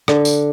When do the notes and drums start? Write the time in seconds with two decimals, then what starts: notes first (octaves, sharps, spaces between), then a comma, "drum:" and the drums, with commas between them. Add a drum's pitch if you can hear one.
0.08 D3, drum: rim click
0.25 drum: tambourine